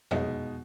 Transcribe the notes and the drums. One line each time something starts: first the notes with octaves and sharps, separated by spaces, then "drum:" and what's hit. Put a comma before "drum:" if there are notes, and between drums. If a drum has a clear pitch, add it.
B2 G#3 D#4, drum: tom E2